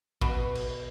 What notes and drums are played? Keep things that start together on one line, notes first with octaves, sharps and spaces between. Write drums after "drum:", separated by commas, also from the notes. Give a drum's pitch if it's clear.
B2, drum: kick
drum: cymbal